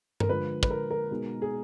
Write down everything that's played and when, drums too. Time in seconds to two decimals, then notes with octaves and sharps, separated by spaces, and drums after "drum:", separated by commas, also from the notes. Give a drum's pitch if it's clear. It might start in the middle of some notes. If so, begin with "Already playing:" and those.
0.20 A#4, drum: tom G2
0.29 D3 F3 G#3 B4
0.63 B4, drum: kick
0.70 A#4
0.91 A#4
1.11 B2 G#3 B3 D#4 G#4
1.42 G#4